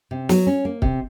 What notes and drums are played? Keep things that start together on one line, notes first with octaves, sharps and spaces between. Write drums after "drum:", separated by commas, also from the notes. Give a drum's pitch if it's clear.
C3
F#3, drum: snare
C#4
A#3
C3, drum: kick C#1